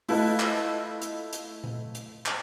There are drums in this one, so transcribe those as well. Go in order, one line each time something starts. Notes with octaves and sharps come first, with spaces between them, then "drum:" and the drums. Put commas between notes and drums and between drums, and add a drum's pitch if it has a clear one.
A3 E4 F4 A4 B4 D#5, drum: open hi-hat
drum: clap
drum: hi-hat
drum: hi-hat
drum: tom A#2
drum: hi-hat
drum: clap